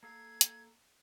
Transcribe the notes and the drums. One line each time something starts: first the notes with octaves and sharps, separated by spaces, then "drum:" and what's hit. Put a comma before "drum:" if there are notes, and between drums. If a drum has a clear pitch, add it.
A#3 A4 F5 G#6
drum: hi-hat